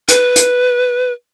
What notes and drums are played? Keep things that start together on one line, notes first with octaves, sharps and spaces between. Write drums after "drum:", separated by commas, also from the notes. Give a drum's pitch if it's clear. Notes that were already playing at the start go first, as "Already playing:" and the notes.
B4, drum: hi-hat
drum: hi-hat